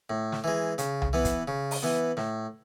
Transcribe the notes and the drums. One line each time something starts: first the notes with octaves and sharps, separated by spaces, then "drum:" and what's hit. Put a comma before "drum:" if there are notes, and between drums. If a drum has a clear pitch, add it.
A2
drum: snare
E3 G#3
C#3, drum: hi-hat
drum: tom C2
E3 B3
drum: kick, hi-hat
C#3
drum: open hi-hat
E3 B3
A2, drum: snare